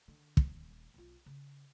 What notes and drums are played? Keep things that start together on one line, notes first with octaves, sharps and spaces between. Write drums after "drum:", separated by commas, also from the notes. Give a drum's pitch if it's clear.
D3
D#1, drum: kick
B1 F4
C#3